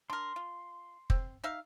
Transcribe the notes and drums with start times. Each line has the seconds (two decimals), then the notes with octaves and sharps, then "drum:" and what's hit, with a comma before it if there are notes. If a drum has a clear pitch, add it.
0.10 D4 A#4 C6
0.36 F4
1.10 C4, drum: kick
1.44 D#4 E5 F5